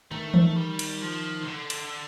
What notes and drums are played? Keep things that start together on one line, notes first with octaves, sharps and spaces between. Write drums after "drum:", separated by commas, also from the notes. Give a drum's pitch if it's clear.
D#3 A3
drum: tom E3
G3
drum: cymbal
F3
C3
D3
drum: cymbal